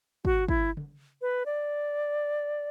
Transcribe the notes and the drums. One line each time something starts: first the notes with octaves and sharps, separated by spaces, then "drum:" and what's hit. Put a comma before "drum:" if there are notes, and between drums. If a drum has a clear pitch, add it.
F#4, drum: kick
E4, drum: kick
drum: tom C#3
B4
D5